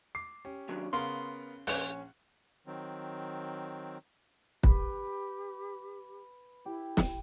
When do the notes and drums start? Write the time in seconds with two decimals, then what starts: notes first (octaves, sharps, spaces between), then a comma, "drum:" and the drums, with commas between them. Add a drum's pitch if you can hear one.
0.15 D6 C7
0.45 C#4 G4
0.69 D#2 F#3 D4
0.93 C#3 B3 A#4 F5 C6
1.67 A#1 C#4 G#5 F#6, drum: open hi-hat
2.67 D#3 F#3 C4
4.63 G4 B4, drum: kick
6.66 E4 G4
6.97 drum: snare